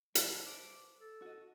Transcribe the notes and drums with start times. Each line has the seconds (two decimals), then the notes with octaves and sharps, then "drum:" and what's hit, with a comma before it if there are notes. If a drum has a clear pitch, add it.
0.15 G3 B4 C5 A5, drum: hi-hat
0.46 D6
1.01 A4
1.22 F#4 D#5